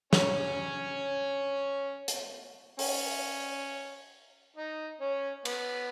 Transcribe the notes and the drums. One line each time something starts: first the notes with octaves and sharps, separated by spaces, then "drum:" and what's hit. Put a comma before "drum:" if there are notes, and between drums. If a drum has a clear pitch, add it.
C#4 C#5, drum: snare
drum: hi-hat
C#4 C#5, drum: open hi-hat
D#4 D#5
C#4 C#5
B3 B4, drum: cymbal